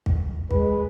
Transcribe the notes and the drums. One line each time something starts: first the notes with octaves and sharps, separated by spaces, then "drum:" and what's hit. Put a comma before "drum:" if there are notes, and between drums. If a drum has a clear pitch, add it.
drum: kick
G#3 B4, drum: kick